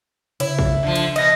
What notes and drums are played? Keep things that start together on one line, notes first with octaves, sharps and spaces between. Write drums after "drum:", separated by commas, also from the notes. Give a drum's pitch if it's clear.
C#3 E4 C#5, drum: cymbal
drum: kick A#1
D3 F3
drum: cymbal
B2 F3 B3 D#5 A#6, drum: cymbal